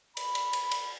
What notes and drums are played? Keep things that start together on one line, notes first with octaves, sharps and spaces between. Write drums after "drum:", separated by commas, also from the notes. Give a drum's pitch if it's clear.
B5, drum: cymbal
drum: cymbal
drum: cymbal
drum: cymbal